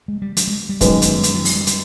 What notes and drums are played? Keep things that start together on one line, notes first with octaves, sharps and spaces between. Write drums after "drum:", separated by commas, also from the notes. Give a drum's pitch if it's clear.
G#3
G3
F#3, drum: hi-hat
G#3
G3
F#2 D#3 G#3 B3, drum: kick, hi-hat
drum: hi-hat
F#3, drum: hi-hat
F3
F#3, drum: open hi-hat
G3
drum: hi-hat